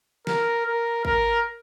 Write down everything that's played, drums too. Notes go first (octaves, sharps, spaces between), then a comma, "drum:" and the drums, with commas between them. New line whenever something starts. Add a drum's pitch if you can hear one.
A#4, drum: snare
A#4
A#4, drum: kick